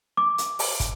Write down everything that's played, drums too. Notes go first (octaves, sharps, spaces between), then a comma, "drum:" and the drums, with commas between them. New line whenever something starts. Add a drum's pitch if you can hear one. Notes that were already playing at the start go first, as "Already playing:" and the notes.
D6
drum: hi-hat
drum: open hi-hat
drum: kick, hi-hat